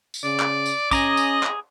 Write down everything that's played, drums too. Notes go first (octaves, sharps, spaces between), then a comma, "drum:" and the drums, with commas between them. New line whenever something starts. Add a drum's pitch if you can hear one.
drum: tambourine
C#3 D5
drum: clap
drum: tambourine
C#4 G#4 D#5 A#5 D6, drum: kick, tambourine
drum: tambourine
drum: clap